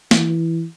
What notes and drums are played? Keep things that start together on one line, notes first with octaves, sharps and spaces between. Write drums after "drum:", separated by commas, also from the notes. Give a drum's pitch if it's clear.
E3, drum: snare